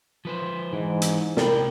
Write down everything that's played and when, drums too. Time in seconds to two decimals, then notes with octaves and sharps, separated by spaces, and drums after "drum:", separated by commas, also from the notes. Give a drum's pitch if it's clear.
0.25 F3 B4 C5
0.73 G#2 E3
1.02 drum: hi-hat
1.37 C3 A#4 G5 B5, drum: snare